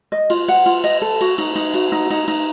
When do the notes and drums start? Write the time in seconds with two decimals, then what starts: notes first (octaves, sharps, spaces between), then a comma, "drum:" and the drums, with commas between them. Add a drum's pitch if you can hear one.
0.12 D#5
0.30 F4, drum: cymbal
0.48 F#5, drum: cymbal
0.66 F4, drum: cymbal
0.84 D#5, drum: cymbal
1.02 A4
1.21 F#4, drum: cymbal
1.38 D#4, drum: cymbal
1.55 D#4, drum: cymbal
1.74 F#4, drum: cymbal
1.92 D#4
2.10 D#4, drum: cymbal
2.28 D#4, drum: cymbal